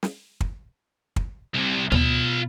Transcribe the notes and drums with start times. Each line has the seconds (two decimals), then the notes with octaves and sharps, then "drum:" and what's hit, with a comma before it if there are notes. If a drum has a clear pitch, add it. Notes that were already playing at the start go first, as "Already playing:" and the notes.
0.03 drum: snare
0.41 drum: kick
1.16 drum: kick
1.54 C2 C3
1.92 B2 F4 B5, drum: tom